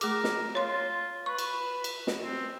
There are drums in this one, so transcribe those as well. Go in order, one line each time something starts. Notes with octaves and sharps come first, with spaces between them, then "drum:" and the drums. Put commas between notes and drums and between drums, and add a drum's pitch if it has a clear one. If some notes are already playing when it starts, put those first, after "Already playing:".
A3 G#4 A#4 D6, drum: cymbal
drum: snare
F4 C#5 C6
B4 C#6
drum: cymbal
drum: cymbal
drum: snare
C4